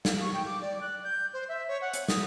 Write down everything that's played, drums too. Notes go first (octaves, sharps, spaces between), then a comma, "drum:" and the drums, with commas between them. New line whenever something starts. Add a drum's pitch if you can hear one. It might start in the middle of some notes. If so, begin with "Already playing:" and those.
F5, drum: snare
C#6
G5
D6
D5
F#6
G6
C5
E5
C#5
F#5
drum: hi-hat
D#6, drum: snare